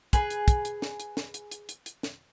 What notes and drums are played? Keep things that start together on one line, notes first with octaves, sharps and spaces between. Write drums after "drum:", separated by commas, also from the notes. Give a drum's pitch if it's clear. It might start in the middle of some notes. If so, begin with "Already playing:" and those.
G#4 B4, drum: kick, hi-hat
drum: hi-hat
drum: kick, hi-hat
drum: hi-hat
drum: snare
drum: hi-hat
drum: snare
drum: hi-hat
drum: hi-hat
drum: hi-hat
drum: hi-hat
drum: snare